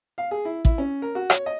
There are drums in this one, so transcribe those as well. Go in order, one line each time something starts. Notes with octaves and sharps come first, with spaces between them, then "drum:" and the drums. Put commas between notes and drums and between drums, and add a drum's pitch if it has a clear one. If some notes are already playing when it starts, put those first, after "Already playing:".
F5
G#4
E4
E4, drum: kick
C#4
A#4
F#4
C#5, drum: rim click
D#5